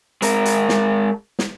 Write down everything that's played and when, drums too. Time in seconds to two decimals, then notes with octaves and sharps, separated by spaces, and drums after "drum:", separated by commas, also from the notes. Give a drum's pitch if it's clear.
0.22 G#3 A#4, drum: hi-hat
0.45 drum: hi-hat
0.69 drum: snare
1.39 drum: snare